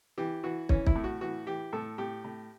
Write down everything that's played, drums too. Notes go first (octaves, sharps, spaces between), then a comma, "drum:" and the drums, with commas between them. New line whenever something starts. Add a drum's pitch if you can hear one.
E3 G4
E3 F#4
E3 C#4, drum: kick
E4, drum: kick
A2
F#4
E3 F#4
E3 G4
A2 A4
A2 G4
A2